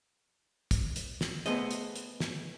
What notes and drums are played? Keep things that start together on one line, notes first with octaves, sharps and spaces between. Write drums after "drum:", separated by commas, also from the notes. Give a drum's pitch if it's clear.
drum: kick, hi-hat
drum: hi-hat
drum: snare
A3 B3 G#4 C5 D#5, drum: hi-hat
drum: hi-hat
drum: hi-hat
drum: snare